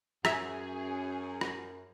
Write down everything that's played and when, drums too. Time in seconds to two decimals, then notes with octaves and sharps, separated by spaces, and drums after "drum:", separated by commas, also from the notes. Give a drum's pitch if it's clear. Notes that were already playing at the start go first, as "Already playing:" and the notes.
0.25 F#2 G#4 E5 G#5, drum: rim click
1.41 drum: rim click